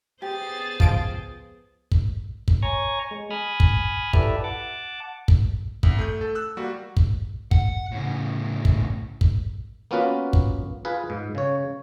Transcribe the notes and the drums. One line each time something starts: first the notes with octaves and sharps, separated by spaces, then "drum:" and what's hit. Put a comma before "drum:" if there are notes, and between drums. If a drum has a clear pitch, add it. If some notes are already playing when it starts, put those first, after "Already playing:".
B3 G4 G#4 C5 A6
C#2 F3 D7, drum: kick
drum: kick
drum: kick
C#5 G#5 A#5 C#6
G#3
G#5 B5 D#6 F6
drum: kick
E4 G4 A4 B4 D5 E5, drum: kick
F#5 A5 D6
drum: kick
C2, drum: kick
A3 G6
A4
E6 F#6
G3 A#3 F#4
drum: kick
F#5, drum: kick
A2 C#3
drum: kick
drum: kick
A#3 B3 C#4 F4 F#4 B4
drum: kick
F4 G#4 B4
G#2
C#3 C#5